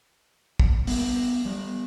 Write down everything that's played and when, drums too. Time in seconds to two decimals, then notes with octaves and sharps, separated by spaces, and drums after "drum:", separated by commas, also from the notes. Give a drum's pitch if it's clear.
0.60 drum: kick
0.87 G3 B3, drum: open hi-hat
1.45 G3 B3